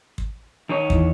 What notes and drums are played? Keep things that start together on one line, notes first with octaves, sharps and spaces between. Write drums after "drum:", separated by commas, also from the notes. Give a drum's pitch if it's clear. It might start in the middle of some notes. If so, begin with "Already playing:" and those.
drum: kick
D#3 D#4 C#5
E2 E3, drum: kick